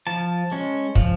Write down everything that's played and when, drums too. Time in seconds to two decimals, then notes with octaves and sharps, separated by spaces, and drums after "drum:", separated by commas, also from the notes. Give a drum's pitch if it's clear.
0.07 F3 A5
0.52 G#3 C#4
0.95 F3, drum: kick